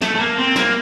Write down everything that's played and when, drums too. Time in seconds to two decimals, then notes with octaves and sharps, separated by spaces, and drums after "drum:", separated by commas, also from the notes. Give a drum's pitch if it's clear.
0.02 A3, drum: snare
0.15 A3
0.20 A#3
0.38 C4
0.56 A#3, drum: snare